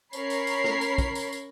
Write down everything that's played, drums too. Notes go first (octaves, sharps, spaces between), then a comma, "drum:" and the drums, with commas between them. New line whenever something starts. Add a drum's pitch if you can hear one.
C#4 A#4 C#5 A#5 B5 C7, drum: tambourine
drum: tambourine
drum: tambourine
drum: snare
drum: tambourine
drum: kick, tambourine
drum: tambourine
drum: tambourine